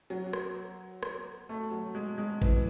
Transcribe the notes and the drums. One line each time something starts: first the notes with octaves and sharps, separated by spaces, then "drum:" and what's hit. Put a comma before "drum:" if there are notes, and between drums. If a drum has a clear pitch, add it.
F#3
drum: rim click
drum: rim click
A3
F#3
G#3
G#3
E3, drum: kick G#1